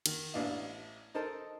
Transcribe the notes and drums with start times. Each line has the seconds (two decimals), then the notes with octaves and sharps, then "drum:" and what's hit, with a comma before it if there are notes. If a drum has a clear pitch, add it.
0.06 D#3, drum: cymbal
0.34 A1 B3 D4 E4 D#5 F5
1.14 D#4 A4 A#4 C5 D#5 A5